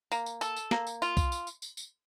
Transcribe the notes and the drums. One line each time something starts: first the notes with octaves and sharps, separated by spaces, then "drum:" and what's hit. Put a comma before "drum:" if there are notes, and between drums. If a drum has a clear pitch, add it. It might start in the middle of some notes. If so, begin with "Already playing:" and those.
A#3, drum: tambourine
drum: tambourine
A4, drum: tambourine
drum: tambourine
A#3, drum: snare
drum: tambourine
F4, drum: tambourine
drum: kick C2, tambourine
drum: tambourine
drum: tambourine
drum: tambourine
drum: tambourine